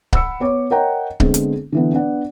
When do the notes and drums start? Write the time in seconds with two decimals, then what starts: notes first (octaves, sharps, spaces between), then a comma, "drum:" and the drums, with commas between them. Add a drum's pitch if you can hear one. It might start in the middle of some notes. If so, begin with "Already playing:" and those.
0.13 F#5 B5 E6 C#7, drum: kick C#1
0.40 B3 C#5 D6
0.71 A#4 C#5 D#5 F#5 G5 A#5
1.20 D3 G#3 B3 C4, drum: kick C#1
1.34 drum: hi-hat
1.72 D3 E3 B3
1.93 B3 D4 D5 F#5